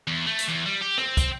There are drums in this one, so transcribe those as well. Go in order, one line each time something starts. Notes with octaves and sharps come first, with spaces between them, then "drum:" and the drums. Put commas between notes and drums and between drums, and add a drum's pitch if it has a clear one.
E2
A3
drum: hi-hat
E2
G3
G4
C4, drum: rim click
drum: kick, hi-hat